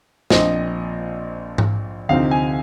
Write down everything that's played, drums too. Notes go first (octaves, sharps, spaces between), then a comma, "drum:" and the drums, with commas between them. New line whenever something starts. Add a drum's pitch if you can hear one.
A#1 A#2 F3 C4 D#5, drum: snare
drum: tom G#2
D2 C3 F3 C4 D#4 F5
G#5